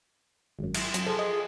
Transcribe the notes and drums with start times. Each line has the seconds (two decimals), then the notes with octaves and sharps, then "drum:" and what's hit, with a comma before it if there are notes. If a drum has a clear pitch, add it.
0.59 G#1 F#2
0.74 drum: cymbal
0.94 F#2, drum: hi-hat
1.06 F3 G#4 A4
1.19 D#5